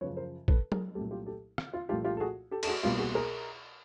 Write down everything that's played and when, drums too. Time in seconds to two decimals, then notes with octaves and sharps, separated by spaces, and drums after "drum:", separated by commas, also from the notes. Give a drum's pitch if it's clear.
0.01 F#2 C#3 F3 B4 C#5
0.16 A#4 C5
0.48 A4 B4, drum: kick
0.72 G#4 A#4, drum: tom F#3
0.95 C2 A#2 F#3 A3 G4 A4
1.11 F4 G4
1.26 G4 A4
1.58 drum: rim click
1.73 F4
1.89 C2 A#2 F3 A3 F4 G4
2.04 F4 G4
2.17 A4
2.20 F#4 G#4
2.51 G4 A4
2.63 A4, drum: cymbal
2.67 F#4 G#4
2.83 C2 B2 G3 A#3 F4 G4
2.98 F#4 G#4
3.15 G#4 A#4